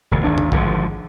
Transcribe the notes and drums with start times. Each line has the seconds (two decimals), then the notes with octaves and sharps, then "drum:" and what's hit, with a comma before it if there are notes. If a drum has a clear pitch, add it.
0.11 E1 D2
0.24 G#1 D#2 D4
0.38 drum: tom
0.52 G#1 D3 D#3 F3, drum: kick